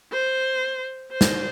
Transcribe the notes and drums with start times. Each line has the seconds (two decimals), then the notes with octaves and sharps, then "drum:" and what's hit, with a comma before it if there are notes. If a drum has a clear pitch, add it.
0.12 C5
1.12 C5
1.21 drum: snare